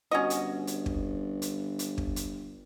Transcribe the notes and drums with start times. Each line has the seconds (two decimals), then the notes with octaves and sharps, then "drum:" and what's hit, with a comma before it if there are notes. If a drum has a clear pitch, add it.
0.11 G1 C#4 F#4 D#5
0.30 drum: hi-hat
0.67 drum: hi-hat
0.86 drum: kick
1.42 drum: hi-hat
1.79 drum: hi-hat
1.98 drum: kick
2.16 drum: hi-hat